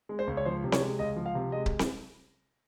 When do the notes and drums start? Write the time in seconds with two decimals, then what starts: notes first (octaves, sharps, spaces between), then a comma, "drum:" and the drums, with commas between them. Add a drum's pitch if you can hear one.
0.09 G#3
0.19 C5
0.27 C#2
0.37 C#5
0.45 F3 C5
0.64 C3
0.72 C#5, drum: snare C4
0.81 G#3
0.99 C#2 D#5
1.16 F3
1.26 F5
1.35 C3
1.52 G#3 D#5
1.66 drum: kick C#1
1.79 drum: snare C4